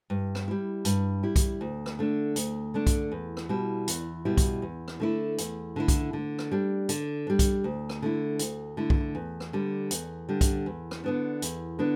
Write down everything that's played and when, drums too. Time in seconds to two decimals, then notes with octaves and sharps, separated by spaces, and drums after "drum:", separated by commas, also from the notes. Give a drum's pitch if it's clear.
0.10 G2
0.35 drum: rim click
0.48 G3 E4
0.85 G2, drum: hi-hat
1.23 G3 E4
1.36 drum: kick B1, hi-hat
1.61 D2
1.86 drum: rim click
1.99 D3 A3 D4
2.36 D2, drum: hi-hat
2.74 D3 A3 D4
2.87 drum: kick B1, hi-hat
3.12 E2
3.37 drum: rim click
3.49 B2 G3 E4
3.88 E2, drum: hi-hat
4.25 B2 G3 E4
4.37 drum: kick B1, hi-hat
4.62 E2
4.88 drum: rim click
5.00 D3 A3 E4
5.38 E2, drum: hi-hat
5.76 D3 A3 E4
5.88 drum: kick B1, hi-hat
6.13 D3
6.39 drum: rim click
6.51 G3 D4
6.89 D3, drum: hi-hat
7.27 G3 D4
7.39 drum: kick B1, hi-hat
7.64 D2
7.90 drum: rim click
8.02 D3 A3 E4
8.39 D2, drum: hi-hat
8.77 D3 A3 E4
8.90 drum: kick B1
9.15 E2
9.40 drum: rim click
9.53 D3 G3
9.91 E2, drum: hi-hat
10.29 D3 G3
10.41 drum: kick B1, hi-hat
10.66 E2
10.91 drum: rim click
11.04 D3 B3 D4
11.42 E2, drum: hi-hat
11.79 D3 B3 D4